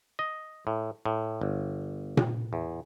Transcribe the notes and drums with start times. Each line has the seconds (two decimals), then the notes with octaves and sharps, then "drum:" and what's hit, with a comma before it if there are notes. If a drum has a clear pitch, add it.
0.19 D#5
0.67 A2
1.06 A2
1.41 G1
2.17 drum: tom A#2
2.53 E2